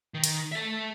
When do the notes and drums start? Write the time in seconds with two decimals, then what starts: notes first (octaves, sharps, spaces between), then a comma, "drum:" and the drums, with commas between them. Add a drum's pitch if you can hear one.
0.14 D#3
0.24 drum: hi-hat
0.52 A4 E5